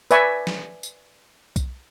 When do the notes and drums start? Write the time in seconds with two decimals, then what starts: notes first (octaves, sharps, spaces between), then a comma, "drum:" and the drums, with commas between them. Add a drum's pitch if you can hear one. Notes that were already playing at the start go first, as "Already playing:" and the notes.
0.11 B4 D5 E5 G#5 C#6, drum: tambourine
0.47 drum: snare
0.83 drum: tambourine
1.56 drum: kick B1, tambourine